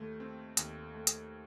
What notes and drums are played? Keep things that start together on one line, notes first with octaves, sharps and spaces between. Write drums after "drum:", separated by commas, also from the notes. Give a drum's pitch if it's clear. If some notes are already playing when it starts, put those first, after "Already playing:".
Already playing: D#2 D#3 A3
C4
D#2, drum: hi-hat
A3
drum: hi-hat